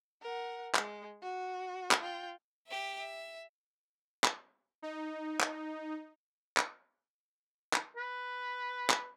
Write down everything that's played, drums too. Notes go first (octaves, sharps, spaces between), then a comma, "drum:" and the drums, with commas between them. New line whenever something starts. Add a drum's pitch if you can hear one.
A#4 F#5
G#3, drum: clap
F#4
drum: clap
F4 G5
G4 E5
E5
drum: clap
D#4
drum: clap
drum: clap
drum: clap
B4
drum: clap